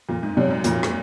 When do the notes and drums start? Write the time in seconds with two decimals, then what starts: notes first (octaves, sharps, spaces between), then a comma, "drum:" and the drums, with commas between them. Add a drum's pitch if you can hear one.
0.09 F2 A#2
0.23 G#2
0.37 F#2 C3 F#3 C#4
0.50 F#2
0.64 F2 A#2, drum: hi-hat
0.83 drum: rim click